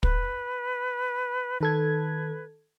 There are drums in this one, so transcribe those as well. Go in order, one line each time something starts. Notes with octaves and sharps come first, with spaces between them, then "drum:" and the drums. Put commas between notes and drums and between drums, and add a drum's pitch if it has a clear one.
B4, drum: kick
D#3 A4 B4 G#6